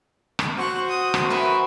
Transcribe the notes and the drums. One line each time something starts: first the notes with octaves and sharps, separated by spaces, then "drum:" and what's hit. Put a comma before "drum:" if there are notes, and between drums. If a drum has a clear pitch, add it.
drum: rim click
F#4 C5 C#6 F#6
D#6
drum: rim click
A#4 B4 E5 G#5 C#6